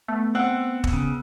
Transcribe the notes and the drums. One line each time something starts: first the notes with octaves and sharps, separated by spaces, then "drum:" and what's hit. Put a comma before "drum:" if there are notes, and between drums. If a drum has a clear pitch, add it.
A3 B3
C4 F#5 E6 F#6
drum: kick
C#3